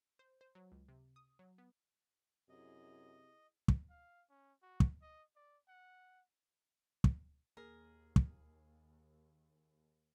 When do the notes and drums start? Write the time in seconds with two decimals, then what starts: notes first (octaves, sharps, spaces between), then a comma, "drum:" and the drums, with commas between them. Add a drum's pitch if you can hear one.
0.19 C5
0.41 C5
0.55 F#3
0.72 C#2
0.89 C3
1.16 D#6
1.39 F#3
1.58 B3
2.49 F#2 C3 E4 G#4 D#5
3.68 drum: kick
3.90 F5
4.30 C#4
4.62 F#4
4.80 drum: kick
5.02 D#5
5.36 D5
5.68 F#5
7.04 drum: kick
7.57 D#2 A#3 G#4 A#4
8.16 drum: kick